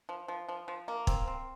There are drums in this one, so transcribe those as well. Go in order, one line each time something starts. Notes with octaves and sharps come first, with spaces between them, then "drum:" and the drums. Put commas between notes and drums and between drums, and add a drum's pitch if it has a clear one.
F3
F3
F3
F3
A#3
C4, drum: kick
C4